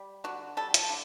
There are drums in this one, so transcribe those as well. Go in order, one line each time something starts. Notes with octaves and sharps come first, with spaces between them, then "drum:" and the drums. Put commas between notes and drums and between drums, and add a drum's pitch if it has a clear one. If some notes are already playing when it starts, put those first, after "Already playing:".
Already playing: G3
D3 F#4
G3 A4
drum: hi-hat
D3